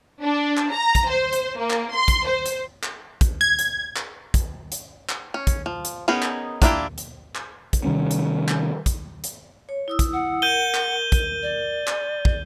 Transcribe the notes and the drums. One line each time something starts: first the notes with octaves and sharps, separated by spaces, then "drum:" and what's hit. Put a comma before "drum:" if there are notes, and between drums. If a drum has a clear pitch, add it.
D4
drum: clap
A#5
drum: kick, hi-hat
C5
drum: hi-hat
A#3
drum: clap
C6
drum: kick, hi-hat
C5
drum: hi-hat
drum: clap
drum: kick, hi-hat
G#6
drum: hi-hat
drum: clap
drum: kick, hi-hat
drum: hi-hat
drum: clap
C#4
drum: kick, hi-hat
F3
drum: hi-hat
B3 C#4 D#4 G#4 A#4
drum: clap
A#3 D4 E4 F4 G4, drum: kick, hi-hat
drum: hi-hat
drum: clap
drum: kick, hi-hat
C3 D#3 G3 C#4
drum: hi-hat
drum: clap
drum: kick, hi-hat
drum: hi-hat
C#5
E4 D#6 E6
drum: kick, hi-hat
F#5
A#4 G6 D#7 G7
drum: clap
drum: kick, hi-hat
D5
drum: clap
drum: kick